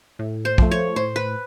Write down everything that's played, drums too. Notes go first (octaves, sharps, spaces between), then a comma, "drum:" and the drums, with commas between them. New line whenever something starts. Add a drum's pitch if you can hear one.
A2
C5
F3 A3, drum: kick
C#5
A2 C5
B4